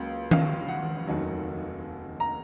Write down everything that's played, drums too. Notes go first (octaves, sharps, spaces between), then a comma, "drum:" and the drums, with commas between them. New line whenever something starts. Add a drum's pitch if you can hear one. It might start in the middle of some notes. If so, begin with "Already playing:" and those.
Already playing: C#2 C#3 F#3 A#3
F5, drum: tom D#3
F#5
F1 D#2 D#3 F#3
A#5